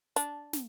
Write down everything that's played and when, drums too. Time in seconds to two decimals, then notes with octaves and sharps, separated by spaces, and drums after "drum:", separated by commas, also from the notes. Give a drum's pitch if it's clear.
0.16 D4, drum: hi-hat
0.53 drum: snare